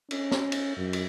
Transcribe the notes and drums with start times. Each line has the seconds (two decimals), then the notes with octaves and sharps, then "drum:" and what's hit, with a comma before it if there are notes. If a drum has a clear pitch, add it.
0.11 C#4, drum: cymbal
0.31 drum: snare
0.52 drum: cymbal
0.77 F#2
0.93 drum: cymbal